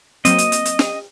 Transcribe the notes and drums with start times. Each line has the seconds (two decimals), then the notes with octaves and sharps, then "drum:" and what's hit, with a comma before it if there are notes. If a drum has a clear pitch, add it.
0.25 F#3 A#3 C4 D#5, drum: hi-hat
0.38 drum: hi-hat
0.52 drum: hi-hat
0.65 drum: hi-hat
0.79 drum: snare